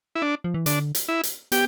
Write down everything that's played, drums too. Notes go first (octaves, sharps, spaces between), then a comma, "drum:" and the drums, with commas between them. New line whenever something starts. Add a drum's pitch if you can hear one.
E4
D4
F3
E3
D3 D4, drum: hi-hat
drum: hi-hat
E4
drum: hi-hat
B3 G4, drum: hi-hat